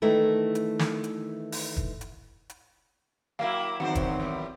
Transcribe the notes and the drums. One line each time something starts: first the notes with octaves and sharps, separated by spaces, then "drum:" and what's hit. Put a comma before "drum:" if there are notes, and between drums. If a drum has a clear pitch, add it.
D#3 E3 A3 D4 E4 A#4
drum: hi-hat
drum: snare
drum: hi-hat
drum: open hi-hat
drum: kick
drum: hi-hat
drum: hi-hat
F#3 A#3 E4 F5 G5
E2 G#2 D#3 F#3 C4 C5 F#5
drum: kick, hi-hat
E2 G3